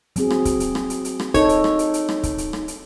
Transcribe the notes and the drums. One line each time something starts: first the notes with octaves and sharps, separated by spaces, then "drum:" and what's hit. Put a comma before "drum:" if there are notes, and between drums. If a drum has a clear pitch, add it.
F#3 C4 G#4, drum: hi-hat
drum: rim click
drum: kick C#1, hi-hat
drum: hi-hat
drum: rim click
drum: hi-hat
drum: hi-hat
drum: rim click
D#4 A4 C#5, drum: kick C#1, hi-hat
drum: hi-hat
drum: rim click
drum: hi-hat
drum: hi-hat
drum: rim click
drum: kick C#1, hi-hat
drum: hi-hat
drum: rim click
drum: hi-hat